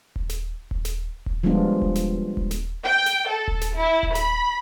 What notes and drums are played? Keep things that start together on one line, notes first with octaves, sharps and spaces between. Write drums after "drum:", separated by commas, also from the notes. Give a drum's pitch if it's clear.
drum: kick D#1
drum: snare
drum: kick D#1
drum: snare
drum: kick D#1
F3 G3 G#3 B3 D4 F4
drum: kick D#1
drum: snare
drum: kick D#1
drum: snare
G5
drum: snare
A4
drum: kick D#1
drum: snare
E4
drum: kick D#1
B5, drum: snare